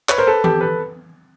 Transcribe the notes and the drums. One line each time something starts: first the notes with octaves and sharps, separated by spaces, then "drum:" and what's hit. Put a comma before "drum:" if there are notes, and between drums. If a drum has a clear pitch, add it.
B4 C#5, drum: clap
A#4 C5
A4 B4
G4 A4, drum: tom D#3
A4 B4